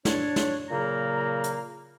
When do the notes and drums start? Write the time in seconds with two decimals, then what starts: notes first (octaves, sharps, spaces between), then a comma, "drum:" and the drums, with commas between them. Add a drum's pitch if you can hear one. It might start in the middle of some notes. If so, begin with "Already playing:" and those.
0.05 D4 C#5, drum: snare
0.36 drum: snare
0.69 A#2 C#3 F#3 A#3 A#5
1.44 drum: hi-hat